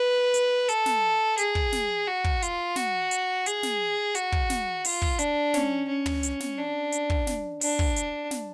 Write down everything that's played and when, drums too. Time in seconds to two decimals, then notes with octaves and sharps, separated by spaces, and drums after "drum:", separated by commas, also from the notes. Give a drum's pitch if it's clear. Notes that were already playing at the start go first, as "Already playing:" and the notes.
Already playing: B4
0.34 drum: hi-hat
0.69 A4, drum: hi-hat
0.86 drum: snare
1.38 G#4, drum: hi-hat
1.55 drum: kick
1.72 drum: snare
2.07 F#4
2.24 drum: kick
2.42 F4, drum: hi-hat
2.76 F#4, drum: snare
3.11 drum: hi-hat
3.46 G#4, drum: hi-hat
3.63 drum: snare
4.15 F#4, drum: hi-hat
4.32 drum: kick
4.50 drum: snare
4.85 F4, drum: open hi-hat
5.02 drum: kick
5.19 D4, drum: hi-hat
5.54 C#4, drum: snare
5.88 C#4
6.06 drum: tom
6.23 drum: hi-hat
6.40 drum: snare
6.57 D4
6.92 drum: hi-hat
7.10 drum: kick
7.27 drum: snare
7.61 D4, drum: open hi-hat
7.79 drum: kick
7.96 drum: hi-hat
8.31 drum: snare